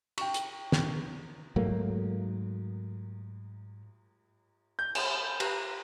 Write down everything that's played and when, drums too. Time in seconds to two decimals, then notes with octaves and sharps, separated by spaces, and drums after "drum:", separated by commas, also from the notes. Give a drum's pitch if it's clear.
0.18 G5 C#6, drum: cymbal
0.34 drum: hi-hat
0.72 drum: snare
1.56 G#2 F#3 A3 A#3
4.79 G6
4.95 drum: cymbal
5.40 G4 B4 A#5, drum: cymbal